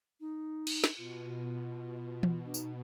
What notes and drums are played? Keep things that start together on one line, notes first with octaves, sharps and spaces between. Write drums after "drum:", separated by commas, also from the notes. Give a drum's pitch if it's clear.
D#4
drum: cymbal
drum: snare
B2 F4
drum: tom E3
D4
D#4, drum: tambourine